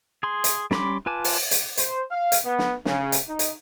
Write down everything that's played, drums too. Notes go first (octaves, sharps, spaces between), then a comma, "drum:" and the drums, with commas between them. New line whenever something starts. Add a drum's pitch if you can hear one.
G#4 C6
drum: hi-hat
G3 C#4 B5 C6 D6, drum: snare
F4 B4 G#5 A5 D6
drum: open hi-hat
drum: hi-hat
C5, drum: hi-hat
F5
drum: hi-hat
B3
drum: snare
C#3, drum: snare
drum: hi-hat
D#4
drum: hi-hat